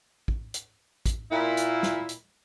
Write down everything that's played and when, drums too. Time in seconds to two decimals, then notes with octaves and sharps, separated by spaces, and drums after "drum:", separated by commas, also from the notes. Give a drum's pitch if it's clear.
0.28 drum: kick
0.54 drum: hi-hat
1.06 drum: kick, hi-hat
1.31 A#2 E4
1.57 drum: hi-hat
1.83 drum: snare
2.09 drum: hi-hat